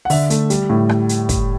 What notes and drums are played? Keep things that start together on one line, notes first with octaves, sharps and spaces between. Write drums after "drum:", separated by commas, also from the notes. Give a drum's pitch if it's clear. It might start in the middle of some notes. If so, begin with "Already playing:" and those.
F#5
D3 E5, drum: open hi-hat
A3, drum: hi-hat
G3, drum: hi-hat
A2
drum: rim click
drum: hi-hat
drum: kick, hi-hat